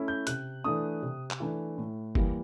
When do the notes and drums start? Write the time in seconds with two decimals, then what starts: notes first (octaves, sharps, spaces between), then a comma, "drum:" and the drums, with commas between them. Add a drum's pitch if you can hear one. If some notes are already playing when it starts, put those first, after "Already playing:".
Already playing: A3 C#4 E4
0.08 G6
0.27 C3 F#6, drum: hi-hat
0.64 E3 A3 D4 D#6
1.02 C3
1.31 drum: clap
1.40 E3 A3 D4
1.77 A2
2.15 E3 G3 A#3, drum: kick